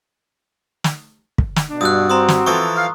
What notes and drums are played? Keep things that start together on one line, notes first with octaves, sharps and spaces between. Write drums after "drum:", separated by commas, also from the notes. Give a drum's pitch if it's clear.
drum: snare
drum: kick
drum: snare
B2 D4
G2 F#4 D#6 E6 F#6
C4 A#5 C6 D#6
drum: snare
E3 F3 A4 C#6 D#6
F5